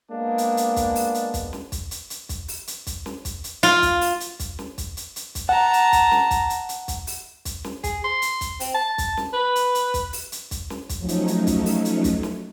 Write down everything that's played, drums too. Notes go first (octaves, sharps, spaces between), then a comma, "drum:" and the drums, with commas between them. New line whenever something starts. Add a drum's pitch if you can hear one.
G#3 A#3 B3 D4
drum: hi-hat
drum: hi-hat
drum: kick, hi-hat
drum: open hi-hat
drum: hi-hat
drum: kick, hi-hat
drum: snare
drum: kick, hi-hat
drum: hi-hat
drum: hi-hat
drum: kick, hi-hat
drum: open hi-hat
drum: hi-hat
drum: kick, hi-hat
drum: snare
drum: kick, hi-hat
drum: hi-hat
F4, drum: hi-hat
drum: kick, hi-hat
drum: open hi-hat
drum: hi-hat
drum: kick, hi-hat
drum: snare
drum: kick, hi-hat
drum: hi-hat
drum: hi-hat
drum: kick, hi-hat
F#5 A5 A#5
drum: hi-hat
drum: kick, hi-hat
drum: snare
drum: kick, hi-hat
drum: hi-hat
drum: hi-hat
drum: kick, hi-hat
drum: open hi-hat
drum: kick, hi-hat
drum: snare
G#4, drum: kick, hi-hat
C6
drum: hi-hat
drum: kick, hi-hat
C4, drum: open hi-hat
A5
drum: kick, hi-hat
drum: snare
B4
drum: hi-hat
drum: hi-hat
drum: kick, hi-hat
drum: open hi-hat
drum: hi-hat
drum: kick, hi-hat
drum: snare
drum: kick, hi-hat
F3 F#3 A3 C#4 D#4
drum: hi-hat
drum: hi-hat
drum: kick, hi-hat
drum: open hi-hat
drum: hi-hat
drum: kick, hi-hat
drum: snare